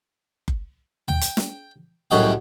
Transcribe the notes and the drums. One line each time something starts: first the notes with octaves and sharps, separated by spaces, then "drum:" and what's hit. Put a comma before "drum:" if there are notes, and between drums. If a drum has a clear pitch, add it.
drum: kick F#1
G5, drum: tom
drum: hi-hat
drum: snare
C2 F#2 A2 F#4 D#5 G5